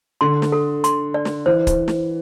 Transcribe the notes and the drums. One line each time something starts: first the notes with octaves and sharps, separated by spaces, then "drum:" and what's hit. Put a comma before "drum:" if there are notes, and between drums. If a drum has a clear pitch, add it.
D3 C6
drum: snare
A4
C6, drum: hi-hat
D5
drum: snare
E3 C5
drum: kick, hi-hat
drum: snare